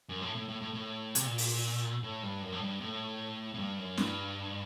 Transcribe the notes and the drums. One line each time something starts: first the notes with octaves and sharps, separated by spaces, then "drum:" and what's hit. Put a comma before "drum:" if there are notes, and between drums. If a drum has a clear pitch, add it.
F#2
A2
A2
A2
A2
A2
C3, drum: hi-hat
A#2
drum: open hi-hat
A2
G2
F#2
A2
G2
A2
A2
G2
F#2
G2, drum: snare